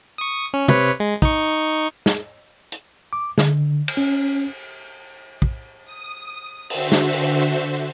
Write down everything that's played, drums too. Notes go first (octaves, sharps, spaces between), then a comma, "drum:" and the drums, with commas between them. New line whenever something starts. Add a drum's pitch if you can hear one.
C#6 D#6
C#4
C3 B4 C#5, drum: tom
G#3
D#4 C#6, drum: kick
drum: snare
drum: hi-hat
D6
D3, drum: snare
drum: cymbal
C#4
drum: kick
D#6
D3 F#4 C5 E5, drum: open hi-hat
drum: snare
drum: open hi-hat